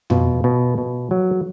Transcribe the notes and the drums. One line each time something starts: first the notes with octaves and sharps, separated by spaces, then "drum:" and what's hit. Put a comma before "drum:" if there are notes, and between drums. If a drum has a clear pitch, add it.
B2 F4, drum: tom
B2
B2
F#3